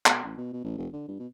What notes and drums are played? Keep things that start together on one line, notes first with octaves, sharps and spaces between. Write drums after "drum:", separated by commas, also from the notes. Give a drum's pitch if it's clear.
B2, drum: clap
A1
B2
B2
A1
F1
D3
G2
B2